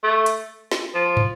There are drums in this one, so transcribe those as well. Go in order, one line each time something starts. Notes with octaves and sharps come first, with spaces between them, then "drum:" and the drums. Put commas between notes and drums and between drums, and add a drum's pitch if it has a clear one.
A3
drum: hi-hat
drum: snare
F3
drum: tom